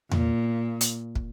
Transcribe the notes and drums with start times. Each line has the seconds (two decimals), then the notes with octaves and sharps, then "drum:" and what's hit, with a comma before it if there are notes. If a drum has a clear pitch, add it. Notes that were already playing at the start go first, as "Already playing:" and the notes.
0.11 A#2, drum: tom E2
0.81 drum: hi-hat
1.15 drum: kick